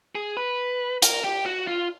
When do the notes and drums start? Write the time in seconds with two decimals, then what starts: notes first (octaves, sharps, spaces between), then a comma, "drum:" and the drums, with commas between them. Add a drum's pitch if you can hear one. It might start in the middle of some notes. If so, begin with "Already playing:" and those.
0.15 G#4
0.37 B4
1.02 A#4, drum: hi-hat
1.24 G4
1.46 F#4
1.67 F4